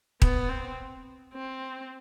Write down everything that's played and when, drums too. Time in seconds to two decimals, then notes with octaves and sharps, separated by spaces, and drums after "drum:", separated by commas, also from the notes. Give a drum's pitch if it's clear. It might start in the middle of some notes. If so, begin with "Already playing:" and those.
0.22 B3, drum: kick D#1
0.49 C4
1.34 C4